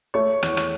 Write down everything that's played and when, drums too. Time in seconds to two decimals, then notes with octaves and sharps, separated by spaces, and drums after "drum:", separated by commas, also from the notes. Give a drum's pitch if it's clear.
0.14 A3 C#5
0.43 E2, drum: rim click
0.57 drum: rim click